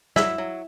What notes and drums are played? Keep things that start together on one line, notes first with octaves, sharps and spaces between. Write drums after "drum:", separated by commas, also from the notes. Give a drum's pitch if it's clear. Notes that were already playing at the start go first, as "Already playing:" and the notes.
F#3 E4 E5, drum: snare
F#3